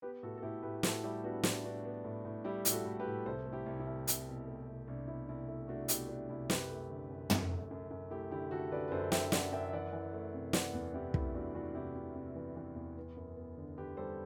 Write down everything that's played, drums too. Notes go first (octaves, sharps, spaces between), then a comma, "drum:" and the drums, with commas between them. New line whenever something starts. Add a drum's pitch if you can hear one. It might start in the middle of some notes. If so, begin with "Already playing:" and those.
B3 G4 B4
A2 F#4 A4
A4
A2 E4 G4
A2 G4 B4
A2 F#4 A4, drum: snare
G3 E4 G4
B3 D4 F#4
A2 D4, drum: snare
B3 D4 F#4
B3
A2
A2
G3 E4 G4
A2, drum: hi-hat
F#4 A4
A2
G4 B4
A2
C2 A4 C5
A3
E4 G4
C2
E4
C2
C2, drum: hi-hat
B2
A3
C2
C2 D4
B2 E4
C2 E4
A3 E4
A3 D4 F#4
B2 E4 G4, drum: hi-hat
A3 D4 F#4
C2 E4
F#2 G4 B4, drum: snare
A3
D3
F#2
A3, drum: tom
F#2
F#2
F#2
A3 E4 G4
D3 E4 G4
D3 F#4 A4
D3 B4 D5
B4
F#2 A4 C5
D3 E5 G5, drum: snare
F#2 D5 F#5, drum: snare
F#2 E5 G5
E3 D5 F#5
E3
A3
C3
E3 D5 F#5, drum: snare
E2
C3 E4 G4
A3 E4, drum: kick
E2 D4 F#4
E3 D4 F#4
C3 E4 G4
C3 E4
C3
E3
E3
E2
B3
F#2
B3
D3
D3 G4 B4
G3 A4 C5